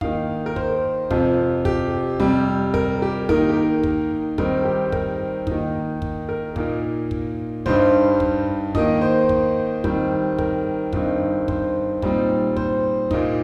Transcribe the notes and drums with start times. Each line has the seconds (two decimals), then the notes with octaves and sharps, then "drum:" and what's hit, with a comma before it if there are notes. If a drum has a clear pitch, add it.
0.01 D#3 A#3 D#4 F5, drum: kick
0.46 A#4
0.56 C5, drum: kick
1.11 F2 C3 F3, drum: kick
1.65 G4, drum: kick
2.20 F2 C3 G3, drum: kick
2.74 A#4, drum: kick
3.02 G4
3.29 D#3 A#3 D#4 A#4, drum: kick
3.49 G4
3.57 A#4
3.83 drum: kick
4.38 D#3 G3 C4 D#4 A#4, drum: kick
4.65 G4
4.84 C5
4.92 A#4, drum: kick
5.47 D#3 A#3 D#4, drum: kick
6.02 drum: kick
6.29 A#4
6.56 A#2 A#3 D#4, drum: kick
7.11 drum: kick
7.66 G2 G3 D#4 C5, drum: kick
8.20 drum: kick
8.75 D#3 A#3 D#4 D#5, drum: kick
9.01 C5
9.29 drum: kick
9.84 D#3 G3 C4, drum: kick
10.39 A#4, drum: kick
10.93 G2 D#3 C4 D#4, drum: kick
11.48 C5, drum: kick
12.02 A#2 G3 C4 D#4, drum: kick
12.57 C5, drum: kick
13.11 A#2 A#3 D#4, drum: kick